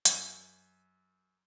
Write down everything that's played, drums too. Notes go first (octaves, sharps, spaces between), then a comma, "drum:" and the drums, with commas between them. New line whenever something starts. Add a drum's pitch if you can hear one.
F#2, drum: hi-hat